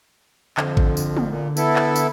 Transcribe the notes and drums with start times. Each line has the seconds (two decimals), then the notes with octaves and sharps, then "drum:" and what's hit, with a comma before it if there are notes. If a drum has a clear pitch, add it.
0.57 F2 D3, drum: clap
0.77 drum: kick A1
0.97 drum: tambourine
1.17 drum: tom
1.29 A#2
1.57 B3 E4 A4, drum: tambourine
1.76 drum: clap
1.96 drum: tambourine